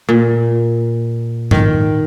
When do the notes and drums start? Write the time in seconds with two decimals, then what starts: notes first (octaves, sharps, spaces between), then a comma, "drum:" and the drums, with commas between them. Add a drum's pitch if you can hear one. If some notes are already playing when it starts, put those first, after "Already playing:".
0.09 A#2
1.51 D#3, drum: tom G#2